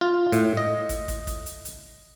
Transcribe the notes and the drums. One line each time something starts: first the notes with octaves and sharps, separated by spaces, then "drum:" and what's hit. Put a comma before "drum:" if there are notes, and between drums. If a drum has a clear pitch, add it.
F4
A2, drum: hi-hat
D#5
drum: kick, hi-hat
drum: kick, hi-hat
drum: kick, hi-hat
drum: hi-hat
drum: hi-hat